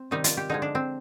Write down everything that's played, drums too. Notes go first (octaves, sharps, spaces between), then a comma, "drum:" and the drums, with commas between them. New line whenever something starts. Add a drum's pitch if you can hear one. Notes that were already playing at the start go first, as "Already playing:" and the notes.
Already playing: C4
C3 D#3 G3 D#4
F4, drum: hi-hat
G4
D3 F3 G#3 D#4
D4
C4